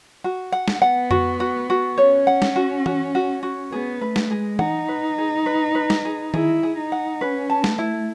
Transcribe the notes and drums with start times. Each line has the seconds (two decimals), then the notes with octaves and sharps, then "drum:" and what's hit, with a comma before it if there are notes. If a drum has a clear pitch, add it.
0.24 F#4
0.52 F#5
0.68 drum: snare
0.82 B3 F#5
1.11 F#4, drum: tom F2
1.40 F#4
1.70 F#4
1.98 C#4 C#5
2.27 F#5
2.42 drum: snare
2.56 F#4
2.86 F#4, drum: tom E3
3.15 F#4
3.43 F#4
3.72 B3 G#4
4.01 A3 B4
4.16 drum: snare
4.31 G#3 G#4
4.59 D#4 F#5, drum: tom E3
4.88 B4
5.18 G#4
5.46 B4
5.75 B4
5.90 drum: snare
6.05 G#4
6.34 E4 G#4, drum: tom D#3
6.63 G#4
6.78 D#4
6.92 F#5
7.21 C#4 B4
7.50 A5
7.64 A3, drum: snare
7.79 E4